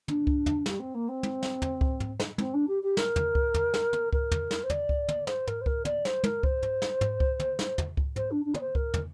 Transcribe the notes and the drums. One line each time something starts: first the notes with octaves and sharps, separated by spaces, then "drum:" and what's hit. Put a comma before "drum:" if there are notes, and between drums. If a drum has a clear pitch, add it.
D4, drum: tom
drum: kick C#2
drum: tom
G3, drum: snare
C4
A#3
C4
drum: tom
drum: snare
drum: tom
drum: kick C#2
drum: tom
drum: snare
C4, drum: tom
D4
G4
G4
A#4, drum: snare
drum: tom
drum: kick C#2
drum: tom
drum: snare
drum: tom
A#4, drum: kick C#2
drum: tom
drum: snare
C5
D5, drum: tom
drum: kick C#2
drum: tom
C5, drum: snare
A#4, drum: tom
C5
A#4, drum: kick C#2
D5, drum: tom
C5, drum: snare
A#4, drum: tom
C5, drum: kick C#2
drum: tom
drum: snare
drum: tom
drum: kick C#2
drum: tom
drum: snare
drum: tom
drum: kick C#2
C5, drum: tom
D4
D4
D5, drum: tom
C5
A#4, drum: kick C#2
drum: tom